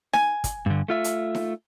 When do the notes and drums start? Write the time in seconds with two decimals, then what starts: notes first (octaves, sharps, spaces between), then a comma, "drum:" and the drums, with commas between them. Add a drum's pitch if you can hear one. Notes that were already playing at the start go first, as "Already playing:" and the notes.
0.13 G#5, drum: snare D#4
0.44 drum: kick, hi-hat
0.66 G2 D3
0.88 A3 F4 E5
1.04 drum: hi-hat
1.35 drum: snare D#4